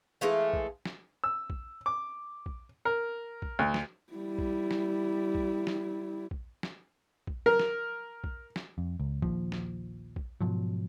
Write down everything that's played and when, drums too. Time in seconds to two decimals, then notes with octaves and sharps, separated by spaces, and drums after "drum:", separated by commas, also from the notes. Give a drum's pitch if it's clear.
0.21 E3 G#3 A3 F5
0.53 drum: kick A#1
0.85 drum: snare
1.24 E6
1.50 drum: kick A#1
1.86 D6
2.46 drum: kick A#1
2.85 A#4
3.42 drum: kick A#1
3.59 D2
3.74 drum: snare
4.13 G3 E4
4.39 drum: kick A#1
4.71 drum: snare
5.35 drum: kick A#1
5.67 drum: snare
6.31 drum: kick A#1
6.63 drum: snare
7.27 drum: kick A#1
7.46 A#4
7.60 drum: snare
8.24 drum: kick A#1
8.56 drum: snare
8.78 F2
9.00 C#2
9.22 A#1 D#2 F3, drum: kick A#1
9.52 drum: snare
10.16 drum: kick A#1
10.41 G#2 B2 F3 F#3